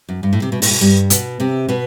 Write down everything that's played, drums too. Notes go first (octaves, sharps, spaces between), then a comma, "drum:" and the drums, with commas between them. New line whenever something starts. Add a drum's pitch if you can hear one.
F#2
G2
A2
C3
B2
A2, drum: open hi-hat
B2
G2 G3
B2 B3, drum: hi-hat
C3 C4
B2 B3